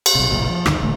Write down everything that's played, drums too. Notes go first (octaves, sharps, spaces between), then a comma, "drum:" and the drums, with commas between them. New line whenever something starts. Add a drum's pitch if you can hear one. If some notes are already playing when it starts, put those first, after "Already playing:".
drum: cymbal
B1 C3
F#1 B1 A#2
F3
D2 G2 D3 D#3, drum: rim click
D#1 A1 D3 A3